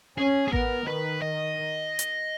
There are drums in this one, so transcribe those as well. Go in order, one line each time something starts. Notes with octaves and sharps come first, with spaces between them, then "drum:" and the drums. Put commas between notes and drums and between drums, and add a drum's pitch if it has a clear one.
C#4 G#4
G#4
B3 A#4, drum: kick A1
D#3 B4
D#5
drum: hi-hat